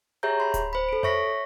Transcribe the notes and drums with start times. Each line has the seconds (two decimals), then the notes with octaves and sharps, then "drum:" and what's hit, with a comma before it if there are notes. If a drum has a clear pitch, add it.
0.23 G4 G#4 C#5 E5 A#5 G6
0.40 B5 C6
0.54 drum: kick D1, hi-hat
0.73 C5 B5
0.89 A4 D7
1.03 C#5 E5 C#6 A#6 B6, drum: tom F2